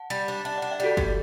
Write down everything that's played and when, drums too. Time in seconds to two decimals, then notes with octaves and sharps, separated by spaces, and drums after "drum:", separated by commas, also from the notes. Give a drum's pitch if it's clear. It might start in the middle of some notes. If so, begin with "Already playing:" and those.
Already playing: F#5 A5
0.10 G3
0.28 D4
0.45 D4 E5 G5
0.58 D5 F#5
0.62 D4
0.71 E5 G5
0.80 G3 F#4 A4
0.97 G3 G4, drum: kick